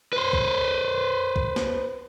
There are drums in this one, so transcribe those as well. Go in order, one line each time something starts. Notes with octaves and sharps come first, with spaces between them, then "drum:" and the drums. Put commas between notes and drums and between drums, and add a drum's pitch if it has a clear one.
B4 C5
drum: kick B1
drum: kick B1
drum: snare